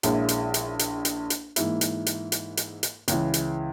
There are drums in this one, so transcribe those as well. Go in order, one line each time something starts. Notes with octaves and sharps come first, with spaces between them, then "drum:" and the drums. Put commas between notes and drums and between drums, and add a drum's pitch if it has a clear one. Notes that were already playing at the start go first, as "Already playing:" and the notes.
A#1 A#2 G#3 C#4 E4, drum: hi-hat
drum: hi-hat
drum: hi-hat
drum: hi-hat
drum: hi-hat
drum: hi-hat
G#2 E3 A#3 E4, drum: hi-hat
drum: hi-hat
drum: hi-hat
drum: hi-hat
drum: hi-hat
drum: hi-hat
C#2 C#3 E3, drum: hi-hat
drum: hi-hat